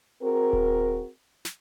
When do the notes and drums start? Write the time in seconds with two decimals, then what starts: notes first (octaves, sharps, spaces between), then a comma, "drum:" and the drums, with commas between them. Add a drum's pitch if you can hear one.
0.22 C4 F#4 G#4 A#4
0.53 drum: kick D#1
1.45 drum: snare